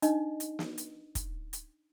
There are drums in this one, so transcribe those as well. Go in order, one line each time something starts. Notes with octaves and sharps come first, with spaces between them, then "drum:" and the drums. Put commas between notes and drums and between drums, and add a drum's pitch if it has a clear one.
D4 D#4 D#5, drum: hi-hat
drum: hi-hat
drum: snare
drum: hi-hat
drum: kick, hi-hat
drum: hi-hat